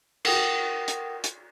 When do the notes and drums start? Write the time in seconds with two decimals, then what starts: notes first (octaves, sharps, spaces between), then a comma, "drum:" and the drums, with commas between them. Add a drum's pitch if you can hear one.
0.25 A#4 F#5 G5 D#6 A#6, drum: cymbal
0.88 drum: hi-hat
1.24 drum: hi-hat